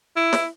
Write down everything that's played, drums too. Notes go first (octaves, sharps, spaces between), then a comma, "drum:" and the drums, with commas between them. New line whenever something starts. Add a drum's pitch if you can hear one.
E4
drum: snare